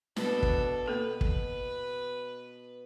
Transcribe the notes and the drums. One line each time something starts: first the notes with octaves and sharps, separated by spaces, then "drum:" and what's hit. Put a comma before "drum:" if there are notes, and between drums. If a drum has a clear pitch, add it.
B2 D4 A4 B5, drum: snare
drum: kick
A#3 B3 A4 B4
drum: kick